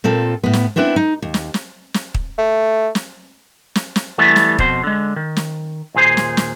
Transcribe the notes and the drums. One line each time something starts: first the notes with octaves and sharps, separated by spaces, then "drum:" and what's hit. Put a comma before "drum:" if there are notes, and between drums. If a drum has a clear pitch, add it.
A#2 C4 F4 A4
A2 B3
drum: snare
B3 C4 D4 E4 B4
D#4
D#2
drum: snare
drum: snare
drum: snare
drum: kick
A3
drum: snare
drum: snare
drum: snare
E3 G3 A3 B3
drum: snare
F2 B2 C5 C6, drum: kick
D3 G#3
D#3
drum: snare
D#2 A#2 G#4 C5
drum: snare
drum: snare